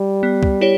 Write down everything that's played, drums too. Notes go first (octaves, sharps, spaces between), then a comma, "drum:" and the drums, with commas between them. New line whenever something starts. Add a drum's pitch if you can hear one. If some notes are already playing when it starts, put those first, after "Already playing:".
Already playing: G3
B3
drum: kick
E4 G4 C#5